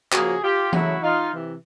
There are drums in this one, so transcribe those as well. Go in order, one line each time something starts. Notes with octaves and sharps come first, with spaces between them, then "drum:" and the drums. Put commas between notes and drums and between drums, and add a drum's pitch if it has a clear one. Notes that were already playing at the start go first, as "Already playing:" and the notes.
C#3 F3 A#3 F#4 G#4, drum: clap
F4 G4
C#3 F#3 A3 E4 F#4, drum: tom E3
D#4 F4
C3 E3